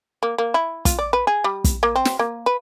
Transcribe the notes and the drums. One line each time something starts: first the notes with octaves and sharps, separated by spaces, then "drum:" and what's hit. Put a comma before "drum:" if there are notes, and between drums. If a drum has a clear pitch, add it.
A#3
A#3
E4
F4, drum: kick, hi-hat
D5
B4
G#4
G3
drum: kick, hi-hat
A#3
C4
drum: snare
A#3
B4